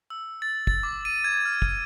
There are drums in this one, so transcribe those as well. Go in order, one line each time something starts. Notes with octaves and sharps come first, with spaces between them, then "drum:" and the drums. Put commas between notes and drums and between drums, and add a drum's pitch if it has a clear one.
E6
A6
A6, drum: kick
D6
D#7
G#6
F6
drum: kick